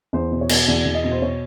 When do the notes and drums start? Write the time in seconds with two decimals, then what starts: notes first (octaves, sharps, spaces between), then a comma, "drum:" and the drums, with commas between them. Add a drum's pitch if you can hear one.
0.13 E2 C5
0.31 B2
0.41 C#5
0.49 B2, drum: cymbal
0.68 E2 D5
0.85 E2
0.95 D#5
1.04 B2
1.11 C5
1.22 B2 C#5